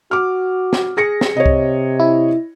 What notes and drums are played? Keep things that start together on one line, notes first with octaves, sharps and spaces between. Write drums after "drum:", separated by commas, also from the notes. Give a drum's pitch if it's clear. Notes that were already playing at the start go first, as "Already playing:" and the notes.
F#4 D6 F6
drum: snare
G#4 A#6 C#7
drum: snare
C3 C#5 D#5
drum: kick C2
E4